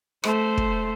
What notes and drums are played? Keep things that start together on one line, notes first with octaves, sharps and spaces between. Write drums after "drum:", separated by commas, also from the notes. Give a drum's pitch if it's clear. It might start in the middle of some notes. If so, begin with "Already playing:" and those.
A3 C5, drum: rim click
drum: kick